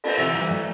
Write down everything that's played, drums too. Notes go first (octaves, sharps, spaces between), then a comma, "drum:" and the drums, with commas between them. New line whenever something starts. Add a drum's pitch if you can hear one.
drum: cymbal
C3 E3 E5
E3 G3
E5
F#3 A3